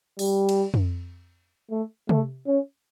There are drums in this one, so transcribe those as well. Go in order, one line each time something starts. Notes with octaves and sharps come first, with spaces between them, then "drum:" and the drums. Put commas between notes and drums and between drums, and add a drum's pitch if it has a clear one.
G3, drum: open hi-hat
drum: cymbal
drum: tom F2
A3
A3, drum: tom C3
C#4